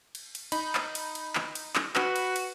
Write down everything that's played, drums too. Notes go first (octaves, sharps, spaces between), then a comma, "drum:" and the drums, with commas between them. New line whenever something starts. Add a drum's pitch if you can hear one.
drum: cymbal
drum: cymbal
D#4 B5, drum: cymbal
drum: clap
drum: cymbal
drum: cymbal
drum: clap
drum: cymbal
drum: clap
F#4 B4, drum: clap
drum: cymbal
drum: cymbal